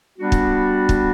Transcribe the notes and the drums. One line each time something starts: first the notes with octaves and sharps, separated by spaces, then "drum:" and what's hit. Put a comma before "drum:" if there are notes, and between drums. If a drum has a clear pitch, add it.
G3 B3 D4 F#4
drum: kick
drum: kick